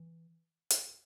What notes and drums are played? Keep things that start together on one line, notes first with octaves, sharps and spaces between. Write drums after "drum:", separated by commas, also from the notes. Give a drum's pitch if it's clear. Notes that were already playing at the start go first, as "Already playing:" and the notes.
Already playing: E3
drum: hi-hat